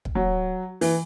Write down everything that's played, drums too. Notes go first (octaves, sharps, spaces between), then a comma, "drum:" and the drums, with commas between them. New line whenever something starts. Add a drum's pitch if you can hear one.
drum: kick
F#3
E3, drum: open hi-hat